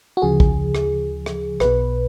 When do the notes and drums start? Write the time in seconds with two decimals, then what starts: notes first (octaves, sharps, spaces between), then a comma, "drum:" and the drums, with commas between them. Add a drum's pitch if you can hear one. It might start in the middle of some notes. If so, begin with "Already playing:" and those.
0.17 F#4
0.22 D2 C#3 F3 G#4
0.40 drum: kick A#1
0.75 drum: rim click
1.26 drum: rim click
1.60 B1 B2 B4, drum: rim click